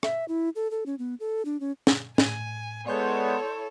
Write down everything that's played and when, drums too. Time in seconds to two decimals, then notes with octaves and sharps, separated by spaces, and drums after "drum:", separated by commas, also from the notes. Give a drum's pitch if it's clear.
0.03 E5, drum: rim click
0.28 E4
0.56 A4
0.71 A4
0.86 C#4
0.99 B3
1.20 A4
1.45 D4
1.60 C#4
1.87 drum: snare
2.18 A2 G#5, drum: snare
2.87 G#3 B3 E4 A4 C#5 D5 C6 G6